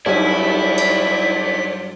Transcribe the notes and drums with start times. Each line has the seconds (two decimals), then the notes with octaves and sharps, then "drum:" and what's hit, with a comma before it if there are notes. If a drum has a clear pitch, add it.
0.06 G2 F#3 E4 C5 D5 G#5 B6, drum: cymbal
0.78 drum: cymbal